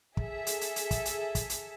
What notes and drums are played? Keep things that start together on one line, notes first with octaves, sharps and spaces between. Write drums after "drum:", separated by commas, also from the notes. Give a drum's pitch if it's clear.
G#4 A4 E5, drum: kick
drum: hi-hat
drum: hi-hat
drum: hi-hat
drum: kick, hi-hat
drum: hi-hat
drum: kick, hi-hat
drum: hi-hat